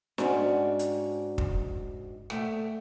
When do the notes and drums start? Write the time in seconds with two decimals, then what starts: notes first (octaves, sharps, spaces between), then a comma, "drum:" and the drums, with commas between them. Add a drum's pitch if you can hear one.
0.18 G#2 C#4 D4 F#4 G5, drum: snare
0.79 drum: hi-hat
1.38 drum: kick
2.30 A3 E5 G5, drum: rim click